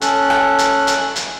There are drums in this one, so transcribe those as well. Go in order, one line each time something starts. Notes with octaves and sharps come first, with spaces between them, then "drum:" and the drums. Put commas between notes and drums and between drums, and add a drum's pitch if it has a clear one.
C#4 A4 F#6, drum: hi-hat
drum: rim click
drum: hi-hat
drum: hi-hat
drum: hi-hat